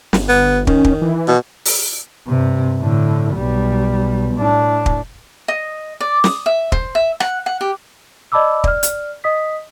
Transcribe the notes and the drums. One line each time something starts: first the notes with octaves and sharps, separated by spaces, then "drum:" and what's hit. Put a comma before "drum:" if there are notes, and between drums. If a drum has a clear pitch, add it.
G1, drum: snare
B3
D#3 C#4, drum: kick
drum: kick
E3
B2
drum: open hi-hat
G2 C3
A2 D3
B1 G3
A2 D4
drum: kick
D#5
D5
D#6, drum: snare
E5
C5, drum: kick
E5
F#5, drum: rim click
F#5
G4
D5 D#5 A5 B5 D6 E6
D5 F6, drum: kick
drum: hi-hat
D#5 D#6 B6